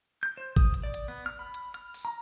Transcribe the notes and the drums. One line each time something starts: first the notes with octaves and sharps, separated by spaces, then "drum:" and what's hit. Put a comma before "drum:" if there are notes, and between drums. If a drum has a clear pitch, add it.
G6
C5
D#6, drum: kick G#1, hi-hat
drum: hi-hat
D5
drum: hi-hat
B3
F6
B5
drum: hi-hat
F6, drum: hi-hat
drum: open hi-hat
A#5